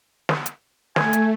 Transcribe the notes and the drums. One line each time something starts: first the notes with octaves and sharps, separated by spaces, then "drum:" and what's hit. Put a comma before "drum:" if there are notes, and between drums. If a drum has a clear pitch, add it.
drum: snare
drum: hi-hat
A3 G#5, drum: snare
drum: hi-hat